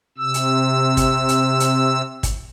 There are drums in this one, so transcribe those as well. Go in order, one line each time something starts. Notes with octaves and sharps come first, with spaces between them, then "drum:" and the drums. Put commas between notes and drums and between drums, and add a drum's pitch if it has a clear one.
C3 E6
drum: hi-hat
drum: kick, hi-hat
drum: hi-hat
drum: hi-hat
drum: kick, hi-hat